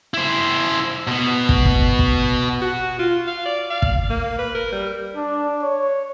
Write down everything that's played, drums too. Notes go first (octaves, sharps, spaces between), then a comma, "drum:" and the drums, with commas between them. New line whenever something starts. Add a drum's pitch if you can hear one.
E4 C5
B2 B3
drum: kick
drum: kick
drum: kick
F#4
F4
F5
D5
F5
drum: kick
A#3
B4
A#4
G3
D4
C#5